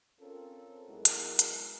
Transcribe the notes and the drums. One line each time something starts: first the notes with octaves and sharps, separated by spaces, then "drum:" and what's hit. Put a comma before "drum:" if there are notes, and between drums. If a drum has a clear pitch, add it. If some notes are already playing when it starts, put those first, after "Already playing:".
C4 C#4 F4 A4 A#4
B1 G#3 B3 E4 F#4 A#4
drum: hi-hat
drum: hi-hat